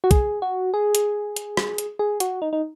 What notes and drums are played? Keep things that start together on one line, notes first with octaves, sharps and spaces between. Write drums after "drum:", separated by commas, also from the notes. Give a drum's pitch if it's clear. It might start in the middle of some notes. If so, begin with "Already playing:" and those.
F#4
G#4, drum: kick, hi-hat
F#4
G#4
drum: hi-hat
drum: hi-hat
drum: rim click
drum: hi-hat
G#4
F#4, drum: hi-hat
D#4
D#4